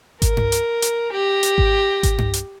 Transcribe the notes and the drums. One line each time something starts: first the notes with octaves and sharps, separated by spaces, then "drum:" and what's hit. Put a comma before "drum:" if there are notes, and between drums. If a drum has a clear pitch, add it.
A#4, drum: kick G#1, hi-hat
drum: tom G2
drum: hi-hat
drum: hi-hat
G4 A#6
drum: hi-hat
drum: kick G#1
drum: kick G#1, hi-hat
drum: tom G2
drum: hi-hat